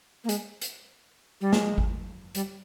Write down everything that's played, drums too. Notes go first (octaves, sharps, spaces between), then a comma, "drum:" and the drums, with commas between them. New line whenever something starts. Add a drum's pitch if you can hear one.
A#3
G#3, drum: hi-hat
drum: hi-hat
G3
G#3, drum: snare
drum: kick G#1
G3, drum: hi-hat